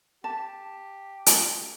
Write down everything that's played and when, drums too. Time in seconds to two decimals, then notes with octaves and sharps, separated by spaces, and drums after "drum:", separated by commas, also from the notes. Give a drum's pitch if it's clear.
0.24 G4 A5
1.26 drum: hi-hat